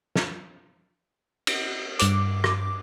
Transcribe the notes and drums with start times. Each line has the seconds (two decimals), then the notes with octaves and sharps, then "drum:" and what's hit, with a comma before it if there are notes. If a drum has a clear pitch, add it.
0.16 drum: snare
1.47 drum: cymbal
1.99 G2 D6, drum: hi-hat
2.44 drum: rim click